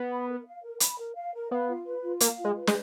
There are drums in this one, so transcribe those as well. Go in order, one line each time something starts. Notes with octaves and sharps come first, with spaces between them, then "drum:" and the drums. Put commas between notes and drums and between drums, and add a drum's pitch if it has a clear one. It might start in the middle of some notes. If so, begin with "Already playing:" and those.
Already playing: B3
B5
A#4
F5
A#4
B5, drum: hi-hat
A#4
F5
A#4
B3 F5
F4
B4
F4
A#3 F5, drum: hi-hat
F4
G#3
B4
G#3, drum: snare